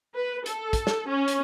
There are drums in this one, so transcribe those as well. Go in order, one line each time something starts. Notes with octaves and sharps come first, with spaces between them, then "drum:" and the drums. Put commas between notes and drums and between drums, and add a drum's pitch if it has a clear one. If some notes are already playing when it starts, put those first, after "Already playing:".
B4
A4, drum: hi-hat
drum: kick, hi-hat
drum: snare
C#4
drum: hi-hat